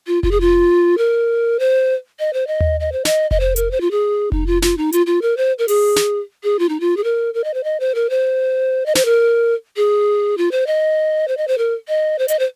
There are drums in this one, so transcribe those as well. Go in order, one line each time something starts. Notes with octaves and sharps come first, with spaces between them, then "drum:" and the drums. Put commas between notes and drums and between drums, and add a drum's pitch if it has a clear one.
F4
F4, drum: kick F1
G#4
F4
A#4
C5
D#5
C5
D#5
drum: tom D#2
D#5
C5
D#5, drum: snare
D#5, drum: kick F1
C5
A#4, drum: hi-hat
C5
F4
G#4
D#4, drum: kick F1
F4
F4, drum: snare
D#4
F4, drum: hi-hat
F4
A#4
C5
A#4
G#4, drum: open hi-hat
drum: snare
G#4
F4
D#4
F4
G#4
A#4
A#4
D#5
C5
D#5
C5
A#4
C5
D#5
C5, drum: snare
A#4
G#4
F4
C5
D#5
C5
D#5
C5
A#4
D#5
C5
D#5, drum: hi-hat
C5